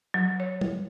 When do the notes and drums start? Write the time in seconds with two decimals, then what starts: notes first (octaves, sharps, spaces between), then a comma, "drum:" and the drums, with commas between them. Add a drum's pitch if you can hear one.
0.14 F#3
0.40 C#5
0.61 drum: tom